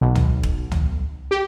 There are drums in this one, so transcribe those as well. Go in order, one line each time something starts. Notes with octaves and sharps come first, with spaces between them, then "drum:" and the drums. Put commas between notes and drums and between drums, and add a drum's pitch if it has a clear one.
B1
drum: tom
drum: kick E1
drum: tom
G4